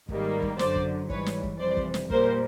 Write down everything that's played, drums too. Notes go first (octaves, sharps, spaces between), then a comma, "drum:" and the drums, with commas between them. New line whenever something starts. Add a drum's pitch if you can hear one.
G#2 D#3 G3 A#3, drum: kick
drum: kick
F#2 D3 F#3 C5 D5, drum: snare
drum: kick
G#2 E3 G3 B4 C#5, drum: kick
drum: snare
drum: kick
F2 C3 E3 G3 C5 D5
drum: kick
drum: snare
A#2 G3 A#3 A#4 C5, drum: kick